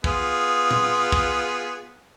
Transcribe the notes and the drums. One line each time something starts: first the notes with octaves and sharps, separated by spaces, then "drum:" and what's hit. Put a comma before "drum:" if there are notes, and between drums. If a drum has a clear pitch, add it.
B3 F4 G#4, drum: kick
drum: tom A#2
drum: kick